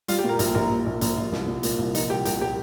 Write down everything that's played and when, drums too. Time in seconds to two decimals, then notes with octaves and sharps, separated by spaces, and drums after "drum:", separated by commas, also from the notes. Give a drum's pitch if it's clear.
0.08 G3 F4, drum: hi-hat
0.19 G4
0.24 A#2 A#4
0.39 A#1 A#4, drum: hi-hat
0.55 A#1 A#4
0.70 A#1
0.86 A#1
1.01 A#1 A#4, drum: hi-hat
1.17 A#1 F4
1.32 C2, drum: snare
1.48 A#2
1.63 A#2, drum: hi-hat
1.79 C2
1.95 F3 D#4, drum: hi-hat
2.10 C2 G4
2.25 C2 G4, drum: hi-hat
2.41 A#2 G4